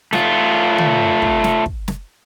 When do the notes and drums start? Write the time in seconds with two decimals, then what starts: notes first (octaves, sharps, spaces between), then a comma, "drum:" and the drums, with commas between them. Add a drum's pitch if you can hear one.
0.13 A3 F4, drum: snare
0.78 drum: tom
1.22 drum: kick
1.44 drum: snare
1.66 drum: kick
1.88 drum: snare